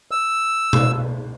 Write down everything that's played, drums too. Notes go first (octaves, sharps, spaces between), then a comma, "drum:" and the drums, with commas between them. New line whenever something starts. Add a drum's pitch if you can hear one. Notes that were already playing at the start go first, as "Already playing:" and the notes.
E6
drum: tom B2